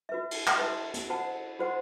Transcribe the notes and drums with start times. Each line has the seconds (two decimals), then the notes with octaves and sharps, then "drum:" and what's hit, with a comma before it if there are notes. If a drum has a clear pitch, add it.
0.09 F#4 B4 E5
0.31 drum: cymbal
0.47 drum: clap
0.59 B4 E5 A5 C6
0.94 drum: hi-hat
1.10 F#4 C5 F#5 A5
1.59 F#4 C5 F#5 C6